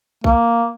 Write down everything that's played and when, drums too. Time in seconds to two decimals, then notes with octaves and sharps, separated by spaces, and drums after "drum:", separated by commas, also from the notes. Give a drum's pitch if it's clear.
0.24 A#3, drum: kick